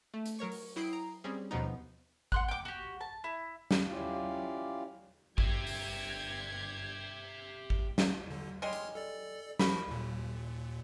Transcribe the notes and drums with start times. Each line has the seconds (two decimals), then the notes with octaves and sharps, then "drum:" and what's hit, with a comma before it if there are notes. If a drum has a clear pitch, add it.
0.14 A3
0.26 drum: hi-hat
0.39 F#3 A#4 C#5 C#6
0.52 drum: open hi-hat
0.76 F#3 E4 G5 D#6 C7 D7
0.93 A#5
1.24 G3 C4 C#4 G#4
1.51 D#2 B2 F3 B3 D#4
2.32 F#5 C6 F#6, drum: kick G#1
2.48 G5 D6
2.65 F#4 G4
3.01 A5
3.24 E4
3.71 drum: snare
3.88 C#4 E4 F4 G4 D5 F5
5.38 G1 G4 E5 G#6, drum: kick G#1
5.67 drum: open hi-hat
7.70 drum: kick G#1
7.98 drum: snare
8.31 D3
8.62 G3 G#3 C#5 C6 F6
8.73 drum: hi-hat
8.95 A4 D5
9.59 F3 F#4 A#4 B5, drum: snare
9.88 D#2 A#2